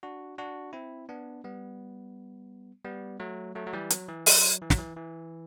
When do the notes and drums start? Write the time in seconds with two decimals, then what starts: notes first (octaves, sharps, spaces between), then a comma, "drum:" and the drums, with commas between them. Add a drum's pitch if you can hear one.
0.03 D4 F#4
0.38 D4 F#4
0.73 C4 E4
1.09 B3 D4
1.44 G3 B3
2.84 G3 B3
3.20 F#3 A3
3.55 F#3 A3
3.67 F#3
3.73 E3 G3
3.90 F#3, drum: hi-hat
4.08 E3
4.26 F#3, drum: open hi-hat
4.62 E3
4.70 F#3, drum: snare
4.78 E3
4.96 E3